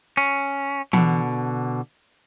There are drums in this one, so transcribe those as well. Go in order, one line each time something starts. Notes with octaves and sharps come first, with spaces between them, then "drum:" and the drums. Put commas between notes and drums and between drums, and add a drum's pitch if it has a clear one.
C#4
B2 D3, drum: tom E3